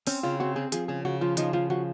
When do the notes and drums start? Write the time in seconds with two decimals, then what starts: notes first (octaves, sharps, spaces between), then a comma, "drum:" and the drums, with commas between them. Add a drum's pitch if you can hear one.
0.07 C4 C#4, drum: open hi-hat
0.23 C#3 F4
0.40 C4 F#4
0.56 C4 G#4
0.72 F3 G#4, drum: hi-hat
0.88 C#3 G#4
1.05 C#3 F#4
1.21 F3 F4
1.37 F3 D#4, drum: hi-hat
1.53 F3 F4
1.70 F3 F#4